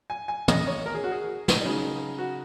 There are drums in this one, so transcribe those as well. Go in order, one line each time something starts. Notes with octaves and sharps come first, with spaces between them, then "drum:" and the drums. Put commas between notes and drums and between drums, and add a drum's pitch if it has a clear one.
G#5
G#5
D#5, drum: tom
C#5
A#4
G#4
F#4
G#4
drum: snare
C#3 F#3 D#4
F#4